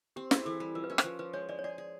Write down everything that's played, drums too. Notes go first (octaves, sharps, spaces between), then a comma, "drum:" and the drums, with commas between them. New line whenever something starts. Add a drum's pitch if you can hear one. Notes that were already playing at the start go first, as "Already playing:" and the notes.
C4 G4
E4 G#4, drum: snare
E3 A4
G3
F3 A#4
B4
C#4 A#4
C5, drum: rim click
F3 B4
F3 B4
G#3 C#5
G#3 D5
C#5
G#4 D5
G#4